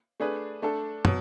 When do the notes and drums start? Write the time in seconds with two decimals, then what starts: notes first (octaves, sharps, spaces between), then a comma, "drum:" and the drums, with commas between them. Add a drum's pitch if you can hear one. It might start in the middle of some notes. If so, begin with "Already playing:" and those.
0.20 A3 D4 G#4 B4 D5
0.62 A3 D4 A4
1.05 B2 F#3, drum: tom